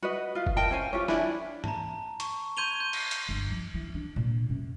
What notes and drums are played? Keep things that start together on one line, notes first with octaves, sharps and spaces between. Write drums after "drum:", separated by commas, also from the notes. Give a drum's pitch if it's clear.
F#4 B4 D#5
F4 F5
drum: kick F#1
A#4 D#5 G5 A5
C#4 C5 F5 G#5
F4 G4 C#5
D4 E4 G#5, drum: snare
A5 A#5, drum: tom G#2
C#6, drum: hi-hat
C6 G6 G#6 D#7 F7 G7
G6
drum: cymbal
drum: hi-hat
G1
F3
E3
D4
A#2
F#2